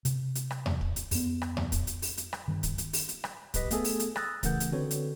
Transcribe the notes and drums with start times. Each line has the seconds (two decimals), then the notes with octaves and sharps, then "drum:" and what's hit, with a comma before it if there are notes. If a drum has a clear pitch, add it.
0.05 C3, drum: hi-hat
0.35 drum: hi-hat
0.51 drum: rim click
0.66 drum: tom E2
0.81 drum: kick
0.96 drum: hi-hat
1.11 F2 B3, drum: open hi-hat
1.42 drum: rim click
1.57 drum: tom E2
1.72 drum: kick, hi-hat
1.87 drum: hi-hat
2.02 drum: open hi-hat
2.17 drum: hi-hat
2.33 drum: rim click
2.48 G2 D#3
2.63 drum: kick, hi-hat
2.78 drum: hi-hat
2.93 drum: open hi-hat
3.09 drum: hi-hat
3.24 drum: rim click
3.54 B1 G#2 G4 B4 D#5 B6, drum: kick, hi-hat
3.71 A3 B3 G#4 A4, drum: hi-hat
3.84 drum: open hi-hat
4.00 drum: hi-hat
4.16 D#6 E6 F#6 A6 A#6, drum: rim click
4.43 C#3 E3 A3 A#4 F#5 G6, drum: kick, hi-hat
4.60 drum: hi-hat
4.72 D3 C4 F#4 A4 B4 C#5
4.91 drum: hi-hat